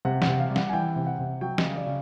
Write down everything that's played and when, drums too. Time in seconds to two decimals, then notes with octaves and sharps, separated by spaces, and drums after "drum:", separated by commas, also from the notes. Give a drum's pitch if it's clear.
0.05 C3 F#5
0.22 F#5, drum: snare
0.27 C3
0.39 F5
0.50 G3
0.56 F#5, drum: snare
0.69 G#5
0.72 E3 G5
0.96 C3
1.07 F#5
1.19 C3
1.41 F#3 G5
1.58 D#5, drum: snare
1.64 C#3
1.76 D5
1.87 C#3